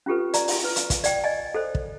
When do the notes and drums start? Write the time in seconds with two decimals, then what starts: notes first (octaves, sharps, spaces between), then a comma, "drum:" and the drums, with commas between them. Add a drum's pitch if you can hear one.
0.06 C#4 F4 G4 A4 B4
0.34 D5 A#5, drum: hi-hat
0.48 drum: open hi-hat
0.64 B4
0.76 drum: hi-hat
0.90 drum: kick, hi-hat
1.04 D5 G5, drum: hi-hat
1.24 D5 D#5 G#5
1.54 A4 C5
1.75 drum: kick